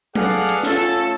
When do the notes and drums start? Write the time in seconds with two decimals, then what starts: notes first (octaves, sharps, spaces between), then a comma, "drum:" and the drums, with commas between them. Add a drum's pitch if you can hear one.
0.15 G#4 A4 B4 D5 F5 F#5, drum: tom
0.49 drum: hi-hat
0.63 A3 C#4 F4 A4, drum: snare